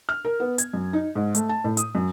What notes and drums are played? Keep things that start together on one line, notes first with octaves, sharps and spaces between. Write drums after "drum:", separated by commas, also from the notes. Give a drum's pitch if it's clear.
F6
A#4
B3
G#6, drum: hi-hat
F#2
D#4
G#2
A3, drum: hi-hat
A5
A2
D#6, drum: hi-hat
F#2